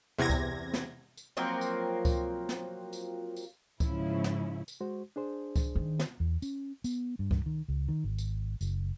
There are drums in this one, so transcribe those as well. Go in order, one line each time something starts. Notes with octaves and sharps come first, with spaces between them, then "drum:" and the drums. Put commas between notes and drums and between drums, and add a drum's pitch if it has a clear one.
E2 C3 G#6 A#6
drum: kick C#2, tambourine
drum: snare
drum: tambourine
F3 F#3 A#3 C4
drum: tambourine
drum: kick C#2, tambourine
drum: snare
drum: tambourine
drum: tambourine
G#2 C#3 F3 C#4 E4, drum: kick C#2, tambourine
drum: snare
drum: tambourine
G#3 F#4 C5
D4 G#4 C5
drum: kick C#2, tambourine
D#3
drum: snare
E2
C#4, drum: tambourine
B3, drum: tambourine
G2
drum: kick C#2
D#3
C#2
D#3
G#1
drum: tambourine
F#1, drum: tambourine